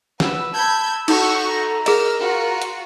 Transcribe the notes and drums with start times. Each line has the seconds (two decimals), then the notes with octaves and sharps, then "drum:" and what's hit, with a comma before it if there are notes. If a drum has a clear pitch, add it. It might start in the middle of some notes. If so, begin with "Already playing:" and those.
0.20 B4 F#5 E6, drum: snare
0.53 A5 B5 G6 G#6
1.08 D#4 F#4 A4 C#6, drum: cymbal
1.46 A#5
1.86 G#4 A#4 D#5 E6 F6, drum: cymbal
2.19 F4 F#4
2.62 drum: hi-hat